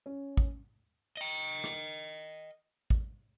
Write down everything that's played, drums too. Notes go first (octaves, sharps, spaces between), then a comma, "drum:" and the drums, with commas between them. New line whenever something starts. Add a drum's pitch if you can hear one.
C#4
drum: kick
D#5 G5
drum: rim click
drum: kick